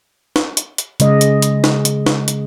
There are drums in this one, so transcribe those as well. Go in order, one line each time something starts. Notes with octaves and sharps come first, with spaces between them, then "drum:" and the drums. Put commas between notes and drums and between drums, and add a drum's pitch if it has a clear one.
drum: snare
drum: hi-hat
drum: hi-hat
C#3 G#3 D#5, drum: hi-hat
drum: hi-hat
drum: hi-hat
drum: snare
drum: hi-hat
drum: snare
drum: hi-hat